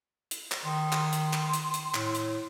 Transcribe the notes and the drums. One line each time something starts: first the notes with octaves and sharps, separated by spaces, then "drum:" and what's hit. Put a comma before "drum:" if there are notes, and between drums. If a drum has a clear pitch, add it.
drum: hi-hat
drum: clap
D#3 C6
drum: clap
drum: hi-hat
drum: clap
drum: hi-hat
drum: hi-hat
A2, drum: clap
drum: hi-hat